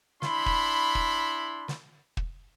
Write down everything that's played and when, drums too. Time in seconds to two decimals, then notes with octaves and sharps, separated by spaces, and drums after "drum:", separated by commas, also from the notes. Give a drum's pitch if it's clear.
0.22 D4 E4 B5 C6, drum: snare
0.46 drum: kick
0.95 drum: kick
1.68 drum: snare
2.17 drum: kick